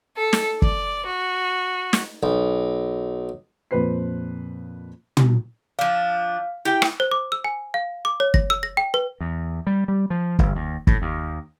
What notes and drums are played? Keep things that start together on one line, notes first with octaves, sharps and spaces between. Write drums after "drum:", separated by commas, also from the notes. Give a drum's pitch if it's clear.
A4
drum: snare
D5, drum: kick
F#4
drum: snare
B1
F2 A#2 B4 C5 C7
drum: tom
F3 D4 F5
E4 G4 G5
drum: rim click
C5
D6
E6
G#5
F5
D6
C#5
A#6, drum: kick
E6
A#6
G5
B4
E2
G3
G3
F3
G1, drum: kick
D#2
A2, drum: kick
D#2